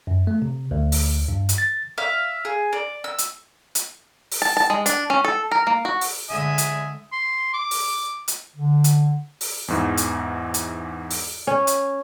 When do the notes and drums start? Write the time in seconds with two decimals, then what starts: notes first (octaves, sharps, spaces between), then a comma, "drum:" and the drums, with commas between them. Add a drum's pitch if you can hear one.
0.07 F#2
0.27 A3
0.42 C3
0.71 D2
0.92 drum: open hi-hat
1.28 G2
1.49 drum: hi-hat
1.58 A6
1.98 E5 F5
2.45 G#4
2.73 D5
3.04 E6
3.18 drum: hi-hat
3.75 drum: hi-hat
4.32 drum: open hi-hat
4.42 A5
4.57 A5
4.70 G#3
4.86 D4, drum: hi-hat
5.10 C#4
5.24 A4
5.51 A#4
5.67 A#3
5.85 F#4
6.01 drum: open hi-hat
6.30 D3 G#3 E5 G#5 D#6
6.58 drum: hi-hat
7.12 C6
7.53 D6
7.71 drum: open hi-hat
8.28 drum: hi-hat
8.56 D3
8.84 drum: hi-hat
9.41 drum: open hi-hat
9.68 E2 G#2 E3
9.97 drum: hi-hat
10.54 drum: hi-hat
11.11 drum: open hi-hat
11.47 C#4
11.67 drum: hi-hat